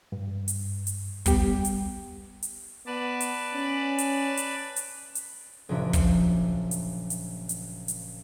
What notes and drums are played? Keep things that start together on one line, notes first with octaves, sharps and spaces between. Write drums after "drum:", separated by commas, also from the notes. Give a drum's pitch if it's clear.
G2
drum: hi-hat
drum: hi-hat
G3 B3 G4, drum: kick, hi-hat
drum: hi-hat
drum: hi-hat
B3 B4 D5 A5
drum: hi-hat
C#4
drum: hi-hat
drum: hi-hat
drum: hi-hat
drum: hi-hat
F#1 A#2 F3 D4 F#4 E5
drum: kick, hi-hat
drum: hi-hat
drum: hi-hat
drum: hi-hat
drum: hi-hat